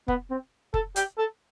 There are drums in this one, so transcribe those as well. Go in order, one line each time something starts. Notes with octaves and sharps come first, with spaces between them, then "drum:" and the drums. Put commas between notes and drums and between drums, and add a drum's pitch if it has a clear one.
B3, drum: kick F1
C4
A4, drum: kick F1
G4, drum: hi-hat
A4